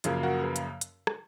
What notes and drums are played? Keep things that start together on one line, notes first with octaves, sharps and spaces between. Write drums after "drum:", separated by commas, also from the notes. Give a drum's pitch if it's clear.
F#2 C#3 F3 A#3 F4 G#4, drum: hi-hat
F#4 A#4
G#4 B4
drum: hi-hat
drum: hi-hat
drum: rim click